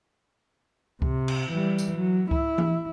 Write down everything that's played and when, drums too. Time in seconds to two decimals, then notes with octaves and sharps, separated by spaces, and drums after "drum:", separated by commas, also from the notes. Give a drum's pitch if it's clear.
1.02 C3, drum: kick C#2
1.28 drum: cymbal
1.52 E3 G3
1.78 drum: tambourine
1.97 F#3
2.31 E4, drum: kick C#2
2.58 drum: tom E3